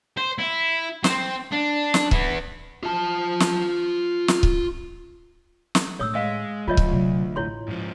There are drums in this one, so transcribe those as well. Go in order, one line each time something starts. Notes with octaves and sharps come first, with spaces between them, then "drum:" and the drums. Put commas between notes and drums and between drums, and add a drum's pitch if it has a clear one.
C5
E4
C4 C5, drum: snare
D4
drum: snare
E3 B3, drum: kick C#1
F4 A5
drum: snare
drum: snare
drum: kick C#1
drum: snare
A2 D3 C#5 D#6 E6
G#3 D#5 F5
D2 F#3 D4 F4 C#5 D#5
drum: kick C#1
C3 F#3
A1 E4 C#5 C6
G#2 F3